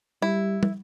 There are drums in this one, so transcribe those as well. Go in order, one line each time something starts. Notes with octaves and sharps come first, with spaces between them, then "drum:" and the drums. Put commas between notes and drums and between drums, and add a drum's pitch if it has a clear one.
G3 E4
drum: tom